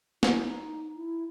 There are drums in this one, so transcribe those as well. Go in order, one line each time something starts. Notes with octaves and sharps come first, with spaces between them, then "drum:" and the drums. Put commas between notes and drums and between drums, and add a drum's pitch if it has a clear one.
E4, drum: snare
D#4
E4